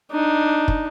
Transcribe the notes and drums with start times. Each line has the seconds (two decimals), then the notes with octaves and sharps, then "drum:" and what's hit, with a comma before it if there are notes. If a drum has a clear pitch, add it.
0.12 D4 D#4
0.68 drum: kick